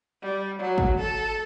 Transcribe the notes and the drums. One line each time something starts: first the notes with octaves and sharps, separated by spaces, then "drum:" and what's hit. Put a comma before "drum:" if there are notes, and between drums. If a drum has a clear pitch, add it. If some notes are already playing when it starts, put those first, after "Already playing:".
G3
F#3
drum: kick
A4